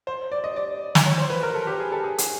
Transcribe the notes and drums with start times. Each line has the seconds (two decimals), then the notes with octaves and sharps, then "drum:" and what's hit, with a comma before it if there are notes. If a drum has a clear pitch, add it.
0.07 C5
0.32 D5
0.44 D#5
0.56 D5
0.95 drum: snare
1.06 C#5
1.18 C5
1.30 B4
1.43 A#4
1.55 A4
1.67 G4
1.80 G#4
1.92 A4
2.04 G#4
2.18 G#4, drum: hi-hat